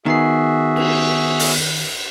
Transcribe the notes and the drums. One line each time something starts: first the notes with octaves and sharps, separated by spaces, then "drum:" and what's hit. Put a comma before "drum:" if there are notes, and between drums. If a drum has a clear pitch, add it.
D#3 B3 F#4 G#4 E5 G#5 C7
drum: cymbal
drum: open hi-hat